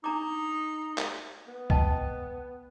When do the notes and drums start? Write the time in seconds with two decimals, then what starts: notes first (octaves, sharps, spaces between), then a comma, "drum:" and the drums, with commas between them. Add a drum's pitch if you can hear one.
0.04 D4 D#4 A#5 D6
0.98 drum: clap
1.48 B3
1.70 D#5 G5 A5, drum: kick C2